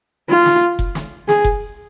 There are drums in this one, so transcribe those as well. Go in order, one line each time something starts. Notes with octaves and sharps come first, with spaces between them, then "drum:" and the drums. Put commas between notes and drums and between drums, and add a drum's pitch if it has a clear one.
F4
drum: snare
drum: kick F1
drum: snare
G#4, drum: snare
drum: kick F1